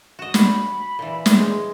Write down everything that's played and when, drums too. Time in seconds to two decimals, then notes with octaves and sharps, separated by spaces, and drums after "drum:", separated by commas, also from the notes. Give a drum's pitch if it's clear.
0.19 F#4 D#5 E7
0.34 F#5 B5, drum: snare
0.99 A#2 E3
1.26 drum: snare
1.39 G#3